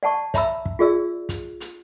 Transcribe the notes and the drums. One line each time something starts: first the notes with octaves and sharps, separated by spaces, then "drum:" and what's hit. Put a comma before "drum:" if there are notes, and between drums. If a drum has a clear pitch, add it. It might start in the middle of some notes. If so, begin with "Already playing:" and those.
D5 F#5 A5 C#6
C#5 E5 A#5 B5 E6, drum: kick, hi-hat
drum: kick
F4 G#4 D5 E6
drum: kick, hi-hat
drum: hi-hat